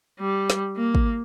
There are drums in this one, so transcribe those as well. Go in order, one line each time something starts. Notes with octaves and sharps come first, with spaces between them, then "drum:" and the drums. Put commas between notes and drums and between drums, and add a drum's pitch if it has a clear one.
G3
drum: snare
A#3
drum: kick G#1